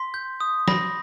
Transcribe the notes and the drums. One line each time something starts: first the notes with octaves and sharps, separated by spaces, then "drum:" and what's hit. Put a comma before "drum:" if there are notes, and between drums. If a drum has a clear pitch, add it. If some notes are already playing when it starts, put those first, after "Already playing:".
Already playing: C6 B6
G6
D#6
B5 A#6, drum: snare